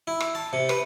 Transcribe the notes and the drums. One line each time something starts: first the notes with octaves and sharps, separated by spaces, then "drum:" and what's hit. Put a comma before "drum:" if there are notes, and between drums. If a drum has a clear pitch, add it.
E4
drum: rim click
A5
C3
B4, drum: rim click